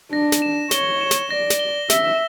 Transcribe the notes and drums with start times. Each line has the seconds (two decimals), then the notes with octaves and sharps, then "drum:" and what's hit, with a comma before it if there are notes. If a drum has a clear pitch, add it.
0.12 D4 A#6
0.32 drum: snare
0.42 E7
0.71 C#5 G7, drum: snare
1.01 E7
1.11 drum: snare
1.30 D5 A#6
1.50 drum: snare
1.59 G7
1.90 E5 G7, drum: snare